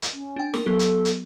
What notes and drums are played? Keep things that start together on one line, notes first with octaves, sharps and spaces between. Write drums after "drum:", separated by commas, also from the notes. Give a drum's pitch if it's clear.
drum: hi-hat
C#4
D4 G5
A#4, drum: snare
F#3 B3 G4 A4
drum: hi-hat
drum: hi-hat